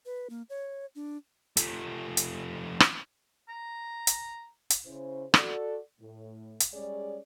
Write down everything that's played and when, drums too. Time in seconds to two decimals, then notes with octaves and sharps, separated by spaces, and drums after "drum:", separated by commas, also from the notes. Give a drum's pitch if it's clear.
0.06 B4
0.30 A#3
0.49 C#5
0.95 D4
1.57 F3 A3, drum: hi-hat
2.17 drum: hi-hat
2.80 drum: rim click
3.49 A#5
4.07 drum: hi-hat
4.70 drum: hi-hat
4.86 C#3 C#4 E4 C5
5.34 F#4 A4 D5, drum: rim click
6.01 A2
6.60 drum: hi-hat
6.74 G3 G#3 C#4 G#4 C#5 D5